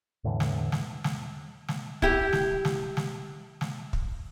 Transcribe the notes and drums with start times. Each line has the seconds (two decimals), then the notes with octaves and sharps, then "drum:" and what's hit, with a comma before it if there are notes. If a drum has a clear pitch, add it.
0.24 E2 A2 D3 E3
0.40 drum: snare
0.72 drum: snare
1.04 drum: snare
1.68 drum: snare
2.02 E4 G4, drum: kick
2.33 drum: snare
2.65 drum: snare
2.97 drum: snare
3.61 drum: snare
3.93 drum: kick